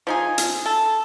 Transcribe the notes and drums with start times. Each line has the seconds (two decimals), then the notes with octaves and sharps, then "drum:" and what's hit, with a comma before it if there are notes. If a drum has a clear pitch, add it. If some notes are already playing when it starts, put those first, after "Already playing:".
0.07 F3 D#4 G#4
0.38 drum: hi-hat
0.66 A4